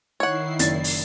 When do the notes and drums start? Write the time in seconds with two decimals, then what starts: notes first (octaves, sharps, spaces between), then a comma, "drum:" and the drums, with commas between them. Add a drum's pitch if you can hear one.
0.20 D#3 E4 C#5 F#5 C7
0.59 F#1 D5 A6, drum: hi-hat
0.84 drum: open hi-hat